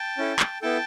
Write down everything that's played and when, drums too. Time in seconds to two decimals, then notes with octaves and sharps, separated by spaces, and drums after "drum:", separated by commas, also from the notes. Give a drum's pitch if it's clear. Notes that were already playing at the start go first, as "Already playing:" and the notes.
Already playing: G5 A5
0.18 C#4 E4 A4
0.39 drum: clap
0.62 B3 E4 A4 G5 A5